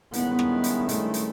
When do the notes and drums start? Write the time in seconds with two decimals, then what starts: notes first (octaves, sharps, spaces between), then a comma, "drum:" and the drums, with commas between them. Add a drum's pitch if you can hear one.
0.13 G2 D#3 G#3 B3 C#4 E4, drum: hi-hat
0.39 drum: rim click
0.64 drum: hi-hat
0.89 A3, drum: hi-hat
1.14 drum: hi-hat